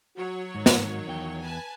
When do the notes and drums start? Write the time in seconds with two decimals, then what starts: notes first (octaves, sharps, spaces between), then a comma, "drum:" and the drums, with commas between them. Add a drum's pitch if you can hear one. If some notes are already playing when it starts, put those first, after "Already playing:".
0.17 F#3 F#4 C#5
0.55 G#2 D#3
0.66 drum: snare
1.08 E2 G5
1.43 B4 G#5 A5